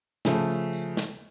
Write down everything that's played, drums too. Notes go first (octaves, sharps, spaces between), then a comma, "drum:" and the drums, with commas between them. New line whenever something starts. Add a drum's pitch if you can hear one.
C#3 F3 A3, drum: snare
drum: tambourine
drum: tambourine
drum: snare